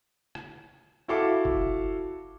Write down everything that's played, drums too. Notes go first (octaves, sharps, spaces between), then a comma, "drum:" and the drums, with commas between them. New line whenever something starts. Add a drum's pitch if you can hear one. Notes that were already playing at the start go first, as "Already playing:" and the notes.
drum: rim click
E4 F#4 A4 E5 F5 D6
drum: kick